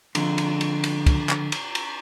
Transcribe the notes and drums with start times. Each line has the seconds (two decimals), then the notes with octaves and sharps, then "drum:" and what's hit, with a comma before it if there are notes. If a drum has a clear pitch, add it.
0.15 D3 F3, drum: cymbal
0.38 drum: cymbal
0.61 drum: cymbal
0.84 drum: cymbal
1.06 drum: kick, cymbal
1.29 drum: clap
1.52 drum: cymbal
1.75 drum: cymbal